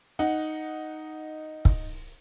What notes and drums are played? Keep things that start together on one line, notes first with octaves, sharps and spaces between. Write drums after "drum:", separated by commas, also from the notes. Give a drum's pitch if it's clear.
D#4 F#5
drum: kick